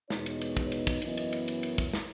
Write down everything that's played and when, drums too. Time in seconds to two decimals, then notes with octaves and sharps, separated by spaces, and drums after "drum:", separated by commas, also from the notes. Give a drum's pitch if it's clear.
0.10 E2 B2 G#3 B3 D#4 C#5, drum: snare
0.26 drum: cymbal
0.41 drum: cymbal
0.57 drum: kick, cymbal
0.72 drum: cymbal
0.87 drum: kick, cymbal
1.02 F#2 E3 B3 D#5, drum: cymbal
1.17 drum: cymbal
1.33 drum: cymbal
1.48 drum: cymbal
1.63 drum: cymbal
1.78 drum: kick, cymbal
1.93 drum: snare